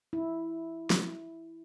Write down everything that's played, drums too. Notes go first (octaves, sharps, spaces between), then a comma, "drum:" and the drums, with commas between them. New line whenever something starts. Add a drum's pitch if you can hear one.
E4
drum: snare